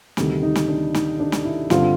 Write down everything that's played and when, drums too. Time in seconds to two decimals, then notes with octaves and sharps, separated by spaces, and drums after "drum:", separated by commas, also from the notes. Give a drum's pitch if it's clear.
0.17 D2 C3 D#3 G3, drum: snare
0.42 D#4
0.56 drum: snare
0.68 D4
0.94 D#4, drum: snare
1.20 D4
1.32 drum: snare
1.45 E4
1.70 G2 D3 G3 C4 F4, drum: snare